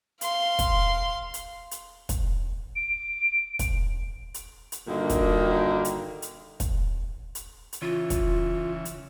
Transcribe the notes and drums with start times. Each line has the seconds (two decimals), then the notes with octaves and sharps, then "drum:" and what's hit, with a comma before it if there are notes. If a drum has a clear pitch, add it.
0.21 F5 C6, drum: hi-hat
0.59 drum: kick, hi-hat
1.34 drum: hi-hat
1.71 drum: hi-hat
2.09 drum: kick, hi-hat
2.76 D7
3.59 drum: kick, hi-hat
4.34 drum: hi-hat
4.72 drum: hi-hat
4.87 G2 A#2 D3 D#3 F#4
5.10 drum: kick, hi-hat
5.85 drum: hi-hat
6.22 drum: hi-hat
6.60 drum: kick, hi-hat
7.35 drum: hi-hat
7.73 drum: hi-hat
7.82 C#3 E3 F4
8.10 drum: kick, hi-hat
8.85 drum: hi-hat